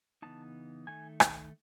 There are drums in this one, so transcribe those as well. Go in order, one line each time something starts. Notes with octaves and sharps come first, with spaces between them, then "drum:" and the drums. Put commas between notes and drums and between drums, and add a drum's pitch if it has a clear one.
C#3 E3 B3 D#4 A5
D#3 A3 D#4 G#5
drum: rim click